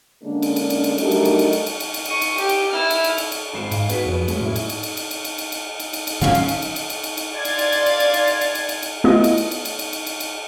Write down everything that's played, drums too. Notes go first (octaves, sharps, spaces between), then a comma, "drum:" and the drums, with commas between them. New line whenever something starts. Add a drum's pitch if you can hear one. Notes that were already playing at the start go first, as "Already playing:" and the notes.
D3 G#3 A#3 C#4 D4
drum: cymbal
drum: cymbal
drum: cymbal
drum: cymbal
F#3 G3 A3 D4 D#4 A#4, drum: cymbal
drum: cymbal
drum: cymbal
drum: cymbal
drum: cymbal
drum: cymbal
drum: cymbal
drum: cymbal
C#6 D#6, drum: cymbal
drum: cymbal
G4, drum: cymbal
drum: cymbal
E4 F6
drum: cymbal
drum: cymbal
drum: cymbal
drum: cymbal
G#1 C7 E7
G#2 F5, drum: cymbal
B3 F#4 G#4 B6, drum: cymbal
F2 F#3 B4
G#3 A3 C#4 F#4, drum: cymbal
A2 F#3 A#3 E4
drum: cymbal
drum: cymbal
drum: cymbal
drum: cymbal
drum: cymbal
drum: cymbal
drum: cymbal
drum: cymbal
drum: cymbal
drum: cymbal
drum: cymbal
G#2 D3 F#3 C#4 F5 F#5, drum: cymbal
drum: cymbal
drum: cymbal
drum: cymbal
drum: cymbal
drum: cymbal
drum: cymbal
drum: cymbal
D5 F5 C6 G#6 A6
drum: cymbal
drum: cymbal
drum: cymbal
drum: cymbal
drum: cymbal
drum: cymbal
drum: cymbal
drum: cymbal
drum: cymbal
drum: cymbal
drum: cymbal
A3 B3 E4 F4 D#5
drum: cymbal
drum: cymbal
drum: cymbal
drum: cymbal
drum: cymbal
drum: cymbal
drum: cymbal
drum: cymbal